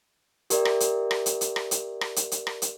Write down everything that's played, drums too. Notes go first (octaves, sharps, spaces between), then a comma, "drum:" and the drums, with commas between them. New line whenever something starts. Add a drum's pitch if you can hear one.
G4 A#4 D5 E5, drum: hi-hat
drum: rim click
drum: hi-hat
drum: rim click
drum: hi-hat
drum: hi-hat
drum: rim click
drum: hi-hat
drum: rim click
drum: hi-hat
drum: hi-hat
drum: rim click
drum: hi-hat